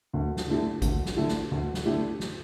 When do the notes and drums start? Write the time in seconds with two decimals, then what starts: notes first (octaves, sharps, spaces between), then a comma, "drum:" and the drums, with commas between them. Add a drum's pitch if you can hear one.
0.13 D2
0.36 drum: snare
0.48 D3 A3 E4 G4
0.82 D2, drum: kick G#1, hi-hat
1.05 drum: snare
1.16 D3 A3 E4 G4
1.28 drum: snare
1.51 D2
1.74 drum: snare
1.85 D3 A3 E4 G4
2.20 drum: snare